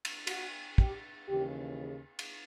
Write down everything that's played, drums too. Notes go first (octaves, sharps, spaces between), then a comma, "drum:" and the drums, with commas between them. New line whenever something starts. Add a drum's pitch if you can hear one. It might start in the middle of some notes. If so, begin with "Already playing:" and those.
drum: cymbal
F#4, drum: cymbal
G4, drum: kick
D#2 C#3 E3 G4
G#4
drum: cymbal